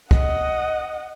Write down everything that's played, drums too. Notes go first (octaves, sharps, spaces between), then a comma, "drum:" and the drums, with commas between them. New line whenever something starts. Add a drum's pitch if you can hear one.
D#5 F#5, drum: kick